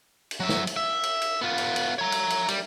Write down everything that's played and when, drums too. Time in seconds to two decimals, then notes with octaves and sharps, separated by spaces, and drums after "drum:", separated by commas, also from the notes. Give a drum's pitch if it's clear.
0.31 drum: cymbal
0.40 F#3 E5
0.49 drum: snare
0.67 drum: cymbal
0.76 E5
1.03 drum: cymbal
1.22 drum: cymbal
1.41 B3 F4
1.58 drum: cymbal
1.76 drum: cymbal
1.98 C#5 A#5
2.12 drum: cymbal
2.30 drum: cymbal
2.49 G3, drum: cymbal